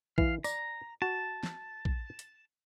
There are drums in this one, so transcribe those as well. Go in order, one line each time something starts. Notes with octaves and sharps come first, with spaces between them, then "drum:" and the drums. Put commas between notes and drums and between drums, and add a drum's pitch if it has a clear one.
E3 F5, drum: kick
D5 A#5, drum: tambourine
F#4 A5
drum: snare
drum: kick
drum: hi-hat